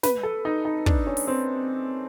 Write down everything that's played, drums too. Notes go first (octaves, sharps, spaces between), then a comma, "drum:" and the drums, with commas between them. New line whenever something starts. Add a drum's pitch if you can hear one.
B4, drum: snare
A4
D#4
D#4
D4, drum: kick
C#4
drum: open hi-hat
C4